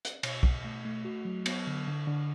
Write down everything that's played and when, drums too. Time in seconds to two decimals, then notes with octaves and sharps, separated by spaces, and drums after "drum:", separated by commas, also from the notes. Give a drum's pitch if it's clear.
0.05 drum: hi-hat
0.23 B2, drum: cymbal
0.43 B2, drum: kick
0.65 A3
0.85 A3
1.05 F#4
1.25 F#3
1.46 B3, drum: cymbal
1.67 D3
1.87 D3
2.07 D3